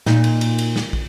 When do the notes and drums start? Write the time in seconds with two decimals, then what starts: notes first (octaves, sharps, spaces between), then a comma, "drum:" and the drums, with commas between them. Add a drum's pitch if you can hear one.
0.06 A#2 D#4, drum: snare
0.24 drum: cymbal
0.41 drum: cymbal
0.58 drum: cymbal
0.76 drum: snare
0.93 drum: kick